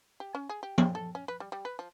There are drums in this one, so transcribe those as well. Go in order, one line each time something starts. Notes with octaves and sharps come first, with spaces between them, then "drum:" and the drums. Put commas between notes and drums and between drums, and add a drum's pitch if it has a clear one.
G4
C#4
G#4
G4
G5, drum: tom F3
A4
C#4
B4
G3
G3
B4
F3